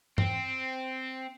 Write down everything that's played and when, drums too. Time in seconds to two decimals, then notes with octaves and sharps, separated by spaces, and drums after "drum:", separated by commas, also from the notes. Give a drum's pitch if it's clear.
0.18 C4, drum: tom G2